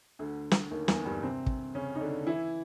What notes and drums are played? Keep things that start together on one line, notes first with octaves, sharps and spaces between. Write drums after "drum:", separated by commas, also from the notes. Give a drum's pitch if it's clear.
D2 D3
drum: snare
D#2 D#3
E2 E3, drum: snare
G2 G3
C3 C4
drum: kick
C#3 C#4
D#4
D3 D4
E3 E4